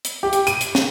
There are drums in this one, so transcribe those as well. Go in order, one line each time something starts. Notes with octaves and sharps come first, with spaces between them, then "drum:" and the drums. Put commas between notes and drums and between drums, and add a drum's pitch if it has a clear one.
drum: hi-hat
G4
drum: hi-hat
D#7, drum: hi-hat
drum: hi-hat
drum: snare